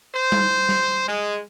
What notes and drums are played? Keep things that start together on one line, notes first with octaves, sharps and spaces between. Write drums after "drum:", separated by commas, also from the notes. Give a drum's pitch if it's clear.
C5
drum: tom G3
drum: snare
G#3